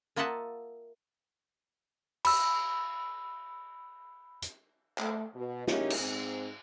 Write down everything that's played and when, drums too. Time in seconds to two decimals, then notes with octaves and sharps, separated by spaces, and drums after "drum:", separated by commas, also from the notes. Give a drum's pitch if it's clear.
0.16 A#3 F4 D#5 E5 F#5 A5
2.25 B5 E6, drum: cymbal
4.42 drum: hi-hat
4.98 A3, drum: clap
5.35 B2
5.67 G#3 A#3 C#4 D#4 E4 G4, drum: snare
5.90 drum: cymbal
5.99 G#2 C4